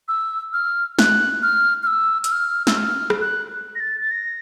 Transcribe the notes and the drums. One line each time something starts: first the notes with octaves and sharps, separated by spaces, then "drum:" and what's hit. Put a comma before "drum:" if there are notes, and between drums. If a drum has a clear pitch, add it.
E6
F6
F#6, drum: snare
F6
F6
E6
E6, drum: hi-hat
F6
E6, drum: snare
F6
drum: rim click
F#6
A#6
A6
A6
A#6